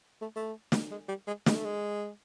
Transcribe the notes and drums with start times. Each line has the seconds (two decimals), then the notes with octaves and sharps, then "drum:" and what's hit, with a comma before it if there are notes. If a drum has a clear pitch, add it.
0.21 A3
0.36 A3
0.72 drum: snare
0.91 G#3
1.08 G3
1.27 G#3
1.46 G#3, drum: snare
1.55 A3
1.65 G#3